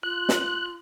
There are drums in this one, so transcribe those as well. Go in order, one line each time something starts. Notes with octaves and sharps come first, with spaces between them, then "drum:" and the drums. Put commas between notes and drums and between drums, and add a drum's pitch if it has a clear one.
F4 F#6
drum: snare